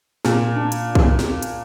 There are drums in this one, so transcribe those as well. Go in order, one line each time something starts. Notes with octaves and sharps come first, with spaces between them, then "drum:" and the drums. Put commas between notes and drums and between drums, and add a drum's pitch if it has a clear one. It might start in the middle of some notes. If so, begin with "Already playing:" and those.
A#2, drum: snare
D4
drum: hi-hat
drum: kick
drum: snare
drum: hi-hat